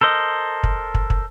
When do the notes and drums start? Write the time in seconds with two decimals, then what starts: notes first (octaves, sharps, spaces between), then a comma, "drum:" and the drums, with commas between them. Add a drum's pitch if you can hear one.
0.01 A4 A#4 C5 D#5
0.63 drum: kick
0.94 drum: kick
1.10 drum: kick